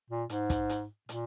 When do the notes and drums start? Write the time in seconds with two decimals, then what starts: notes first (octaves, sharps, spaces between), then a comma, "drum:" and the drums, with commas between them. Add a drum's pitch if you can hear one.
0.10 A#2
0.29 G#2, drum: hi-hat
0.50 drum: kick, hi-hat
0.69 drum: hi-hat
1.09 A#2, drum: hi-hat